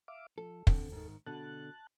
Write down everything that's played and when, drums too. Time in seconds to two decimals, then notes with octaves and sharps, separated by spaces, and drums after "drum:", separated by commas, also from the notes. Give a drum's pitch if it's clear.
0.08 E5 F5 D6
0.38 F3 A4
0.67 D#2 D3 C4 A4, drum: kick
0.92 G#2 D#3
1.26 B2 D3 A5 F#6